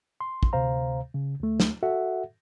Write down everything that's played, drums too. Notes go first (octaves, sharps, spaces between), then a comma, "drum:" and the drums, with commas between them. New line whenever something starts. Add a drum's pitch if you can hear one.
C6
drum: kick
D2 C3 C5 F5 A#5
C#3
D2 A3
drum: snare
F#4 A4 E5 F#5